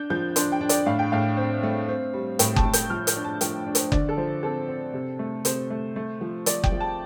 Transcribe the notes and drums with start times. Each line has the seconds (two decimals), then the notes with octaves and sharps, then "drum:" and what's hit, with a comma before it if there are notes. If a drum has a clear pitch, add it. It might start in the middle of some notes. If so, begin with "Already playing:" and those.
Already playing: D4 G6
0.10 F3 G6
0.36 D4 C6, drum: hi-hat
0.52 G5
0.61 D4
0.69 D5, drum: hi-hat
0.86 A2 F5
0.99 G5
1.12 A2 F5
1.37 C4
1.63 A3
1.88 C4
2.13 G3
2.39 A2 G5, drum: hi-hat
2.56 A5, drum: kick F#1
2.65 A2
2.73 G6, drum: hi-hat
2.90 F3 F6
3.07 G6, drum: hi-hat
3.16 D4
3.24 A5
3.41 F3 G5, drum: hi-hat
3.67 D4
3.75 C5, drum: hi-hat
3.92 D3 D5, drum: kick F#1
4.09 A4
4.17 F3 C5
4.43 C4 A4
4.68 C4
4.93 C3
5.19 A3
5.45 C3 C5, drum: hi-hat
5.70 A3
5.96 A3
6.21 F3
6.46 F3 D5, drum: hi-hat
6.64 G5, drum: kick F#1
6.72 F3
6.80 A5